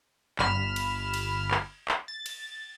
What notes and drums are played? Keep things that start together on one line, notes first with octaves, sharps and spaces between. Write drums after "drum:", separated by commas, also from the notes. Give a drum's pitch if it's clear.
G1 B5 F6 E7, drum: clap
drum: cymbal
drum: cymbal
drum: clap
drum: clap
A6
drum: cymbal